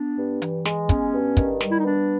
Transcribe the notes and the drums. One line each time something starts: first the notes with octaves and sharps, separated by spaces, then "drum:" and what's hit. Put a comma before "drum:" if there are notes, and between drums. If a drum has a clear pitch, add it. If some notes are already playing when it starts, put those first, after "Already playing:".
Already playing: B3 D4
G2
E3, drum: hi-hat
G#3, drum: snare
B3 C#4, drum: kick, hi-hat
G2
D#3, drum: kick, hi-hat
G3, drum: snare
E4
D#4
B3 D4